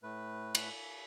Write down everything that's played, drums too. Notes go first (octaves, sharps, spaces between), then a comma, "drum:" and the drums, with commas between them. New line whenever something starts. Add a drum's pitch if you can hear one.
A2 A3 B4
drum: cymbal